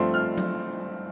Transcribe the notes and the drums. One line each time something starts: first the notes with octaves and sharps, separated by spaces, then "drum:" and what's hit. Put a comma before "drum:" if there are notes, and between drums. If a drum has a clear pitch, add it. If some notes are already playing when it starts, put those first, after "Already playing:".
Already playing: G2 F3 A3 C4 C6
F6
drum: tom F#3